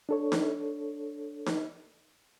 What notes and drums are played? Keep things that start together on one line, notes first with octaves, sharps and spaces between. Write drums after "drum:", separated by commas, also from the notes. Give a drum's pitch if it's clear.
D4 A4 C#5
drum: snare D#4
drum: snare D#4